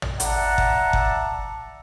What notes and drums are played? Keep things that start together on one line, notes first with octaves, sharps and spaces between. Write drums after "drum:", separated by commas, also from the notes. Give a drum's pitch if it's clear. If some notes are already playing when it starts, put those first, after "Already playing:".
drum: tom
D5 E5 F#5 A5 A#5, drum: hi-hat
drum: kick F#1
drum: kick F#1